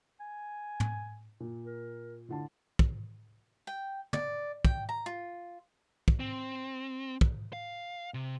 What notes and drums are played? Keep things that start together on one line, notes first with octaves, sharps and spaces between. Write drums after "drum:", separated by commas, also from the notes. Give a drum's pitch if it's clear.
G#5
drum: tom
A#2
A#4
A2 D3 F4 A5
drum: kick
G5
D5, drum: tom
G5, drum: kick
A#5
F4
drum: kick
C4
drum: kick
F5
C3